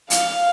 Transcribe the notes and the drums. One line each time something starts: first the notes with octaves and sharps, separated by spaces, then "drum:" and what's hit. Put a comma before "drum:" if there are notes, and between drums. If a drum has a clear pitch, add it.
F5, drum: hi-hat